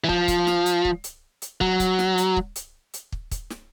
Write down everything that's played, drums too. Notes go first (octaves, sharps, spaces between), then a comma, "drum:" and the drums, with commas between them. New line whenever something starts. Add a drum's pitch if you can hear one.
E3
F3, drum: kick
drum: kick, hi-hat
drum: snare
drum: hi-hat
drum: kick
drum: hi-hat
drum: hi-hat
F#3, drum: kick
drum: kick, hi-hat
drum: snare
drum: hi-hat
drum: kick
drum: hi-hat
drum: hi-hat
drum: kick
drum: kick, hi-hat
drum: snare